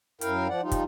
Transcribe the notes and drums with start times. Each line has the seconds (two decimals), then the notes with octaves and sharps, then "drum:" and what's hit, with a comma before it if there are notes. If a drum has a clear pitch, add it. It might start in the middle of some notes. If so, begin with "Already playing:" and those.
0.21 F#2 E4 A#4 F5 G5, drum: hi-hat
0.49 F3 D5 F#5
0.62 F3 G3 D#4 F4
0.72 drum: kick, hi-hat